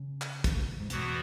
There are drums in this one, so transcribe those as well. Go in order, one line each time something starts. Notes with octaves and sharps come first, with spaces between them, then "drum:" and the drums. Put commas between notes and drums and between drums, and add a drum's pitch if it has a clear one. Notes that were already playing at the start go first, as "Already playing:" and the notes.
Already playing: C#3
drum: clap
drum: kick, hi-hat
G#2
E2 B2 E3 B3 F#4, drum: hi-hat